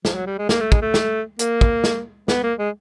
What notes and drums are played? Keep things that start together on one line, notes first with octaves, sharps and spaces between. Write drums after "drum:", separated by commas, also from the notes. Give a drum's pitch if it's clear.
F3, drum: snare
F#3
G3
G#3
A#3, drum: snare
A3
G#3, drum: kick
A3
drum: snare
A#3, drum: hi-hat
drum: kick
drum: snare
B3, drum: snare
A#3
G#3